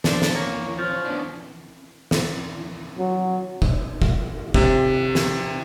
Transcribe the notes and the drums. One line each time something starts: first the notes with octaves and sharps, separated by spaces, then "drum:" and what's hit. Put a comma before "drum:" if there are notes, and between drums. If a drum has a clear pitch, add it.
F3 D4 C5, drum: snare
drum: snare
A#3 C#5
F3
B3 C#4 D4
drum: snare
F#3
drum: kick
drum: kick
C3, drum: kick
drum: snare